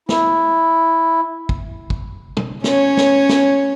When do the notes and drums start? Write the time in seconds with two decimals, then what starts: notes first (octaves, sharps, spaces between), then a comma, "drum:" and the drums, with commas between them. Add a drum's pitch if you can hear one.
0.09 E4, drum: snare
1.49 drum: kick
1.90 drum: kick
2.37 drum: tom
2.64 C#4 C#5, drum: snare
2.97 drum: snare
3.29 drum: snare